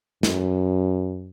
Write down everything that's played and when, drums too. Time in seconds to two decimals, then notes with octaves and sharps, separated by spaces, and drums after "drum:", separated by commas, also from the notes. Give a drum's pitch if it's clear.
0.23 F#2, drum: snare